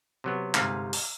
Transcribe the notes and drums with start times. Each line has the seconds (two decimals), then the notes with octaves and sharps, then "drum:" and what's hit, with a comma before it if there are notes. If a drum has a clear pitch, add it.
0.24 C3 F#3 B3
0.54 G1 G#2 C3 F5 G#5, drum: clap
0.93 drum: open hi-hat